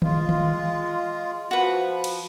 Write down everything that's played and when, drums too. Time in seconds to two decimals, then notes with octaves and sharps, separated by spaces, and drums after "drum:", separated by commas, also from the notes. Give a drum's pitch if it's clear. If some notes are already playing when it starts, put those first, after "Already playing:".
0.02 G#3 F4, drum: tom D#3
0.29 drum: tom D#3
1.51 F3 F#4 B4
2.04 drum: cymbal